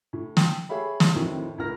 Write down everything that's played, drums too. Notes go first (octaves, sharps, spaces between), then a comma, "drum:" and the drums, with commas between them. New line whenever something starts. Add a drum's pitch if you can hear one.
A2
G5, drum: snare
G4 G#4 C#5 E5 F5 B5
drum: snare
F2 A2 D#3 F#3 C4 E4
C#2 A2 A#4 A#5 F6 A#6